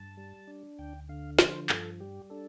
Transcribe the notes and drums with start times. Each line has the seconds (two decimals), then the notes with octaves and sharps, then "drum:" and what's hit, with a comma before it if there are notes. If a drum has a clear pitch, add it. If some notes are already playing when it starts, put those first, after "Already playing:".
Already playing: G2 A5
0.17 G3
0.47 D4
0.78 D2 G5
1.09 D3 F5
1.39 F3 C5, drum: snare
1.69 G2 A4, drum: clap
2.00 G3 G4
2.30 D4 A4